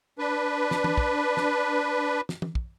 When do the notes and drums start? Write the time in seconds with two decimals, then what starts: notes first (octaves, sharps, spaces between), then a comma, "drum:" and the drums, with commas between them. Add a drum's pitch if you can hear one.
0.19 D4 B4
0.71 drum: snare
0.84 drum: tom
0.97 drum: kick
1.37 drum: snare
2.29 drum: snare
2.42 drum: tom
2.55 drum: kick